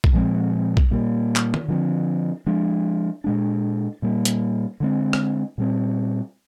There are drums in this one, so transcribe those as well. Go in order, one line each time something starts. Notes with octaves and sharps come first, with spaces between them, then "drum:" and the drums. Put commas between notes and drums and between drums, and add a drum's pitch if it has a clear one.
drum: kick
A#2 F3 G#3 C4
drum: kick
A#2 G3 A#3
drum: clap
drum: tom D#3
D3 F3 C4
F3 G#3 D4
A#2 G#3 D4
A#2 G3 A#3
drum: hi-hat
D3 G#3 C4
drum: rim click
A#2 G3 C4